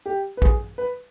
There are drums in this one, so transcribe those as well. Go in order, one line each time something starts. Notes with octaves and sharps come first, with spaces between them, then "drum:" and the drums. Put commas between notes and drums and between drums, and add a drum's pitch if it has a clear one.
G4
B4
G#4, drum: kick
B4